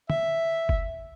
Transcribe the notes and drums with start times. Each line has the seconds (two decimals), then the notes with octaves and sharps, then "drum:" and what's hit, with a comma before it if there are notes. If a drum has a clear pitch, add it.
0.10 E5, drum: tom
0.69 drum: kick F#1